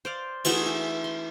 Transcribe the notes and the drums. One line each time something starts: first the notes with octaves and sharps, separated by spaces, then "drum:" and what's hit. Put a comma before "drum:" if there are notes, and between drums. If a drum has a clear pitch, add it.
C5 D5 F5
E3 A3 G#4 F#5, drum: cymbal
E5
C6